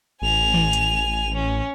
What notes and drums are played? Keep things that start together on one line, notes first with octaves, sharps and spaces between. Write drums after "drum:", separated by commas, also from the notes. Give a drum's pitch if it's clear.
A1 G#5 F7
drum: tom D#3
drum: hi-hat
C#4